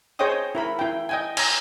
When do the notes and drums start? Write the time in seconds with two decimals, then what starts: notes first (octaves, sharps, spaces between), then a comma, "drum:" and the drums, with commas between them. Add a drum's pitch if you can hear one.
0.19 G#4 C5 C#5 D#5 G5 D#6
0.55 E4 A#4 B5
0.79 E4 G5
1.09 D#5 G5 G#5
1.37 G#5 A#5, drum: cymbal